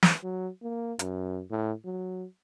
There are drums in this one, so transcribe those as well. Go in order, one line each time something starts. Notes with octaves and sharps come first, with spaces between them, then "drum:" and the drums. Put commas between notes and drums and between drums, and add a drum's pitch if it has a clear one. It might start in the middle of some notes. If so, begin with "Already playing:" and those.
drum: snare
F#3
A#3
F#2, drum: hi-hat
A2
F#3